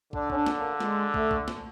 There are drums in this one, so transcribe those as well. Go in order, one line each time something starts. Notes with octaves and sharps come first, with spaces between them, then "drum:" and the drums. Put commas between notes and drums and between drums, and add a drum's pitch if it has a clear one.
D3 D4, drum: kick
C#4, drum: kick
D4
drum: snare
A#3
G#3, drum: snare
A3, drum: kick
drum: kick
drum: snare